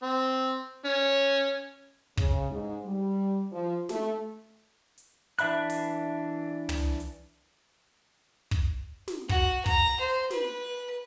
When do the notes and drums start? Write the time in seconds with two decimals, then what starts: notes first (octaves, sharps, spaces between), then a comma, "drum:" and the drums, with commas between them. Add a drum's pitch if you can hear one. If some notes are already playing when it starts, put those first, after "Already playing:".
0.03 C4
0.85 C#4
2.17 C#3, drum: kick
2.50 G#2
2.86 G3
3.52 F3
3.89 A3, drum: snare
4.98 drum: hi-hat
5.39 E3 D4 E5 B5 F#6, drum: hi-hat
5.70 drum: open hi-hat
6.69 drum: tom
7.00 drum: hi-hat
8.51 drum: kick
9.08 drum: snare
9.29 F#4, drum: kick
9.66 A#5, drum: kick
10.00 C5
10.30 B4, drum: snare